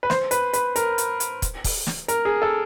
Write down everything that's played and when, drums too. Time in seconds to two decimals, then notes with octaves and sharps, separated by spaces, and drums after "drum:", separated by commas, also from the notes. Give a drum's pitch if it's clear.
0.03 B4
0.10 C5, drum: snare
0.31 B4, drum: hi-hat
0.53 B4, drum: hi-hat
0.76 A#4, drum: hi-hat
0.98 drum: hi-hat
1.20 drum: hi-hat
1.42 drum: kick, hi-hat
1.64 drum: kick, open hi-hat
1.87 drum: snare
2.08 A#4, drum: hi-hat
2.25 G#4
2.42 A4